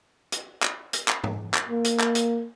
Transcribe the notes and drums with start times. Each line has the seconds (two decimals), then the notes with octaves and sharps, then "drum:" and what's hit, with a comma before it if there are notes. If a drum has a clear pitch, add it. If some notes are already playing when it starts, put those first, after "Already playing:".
0.32 drum: hi-hat
0.63 drum: clap
0.93 drum: hi-hat
1.08 drum: clap
1.24 drum: tom G#2
1.54 drum: clap
1.69 A#3
1.84 drum: hi-hat
2.00 drum: clap
2.15 drum: hi-hat